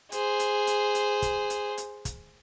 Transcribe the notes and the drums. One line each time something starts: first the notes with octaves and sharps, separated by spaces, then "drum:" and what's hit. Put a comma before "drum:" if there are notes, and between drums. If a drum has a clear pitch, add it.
G#4 C5, drum: hi-hat
drum: hi-hat
drum: hi-hat
drum: hi-hat
drum: kick, hi-hat
drum: hi-hat
drum: hi-hat
drum: kick, hi-hat